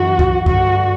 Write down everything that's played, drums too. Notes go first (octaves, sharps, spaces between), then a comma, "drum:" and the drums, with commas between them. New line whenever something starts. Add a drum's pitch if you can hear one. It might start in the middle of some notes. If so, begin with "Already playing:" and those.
Already playing: F#2 E3 F#4
drum: kick C2
G2 D3 F#4, drum: kick C2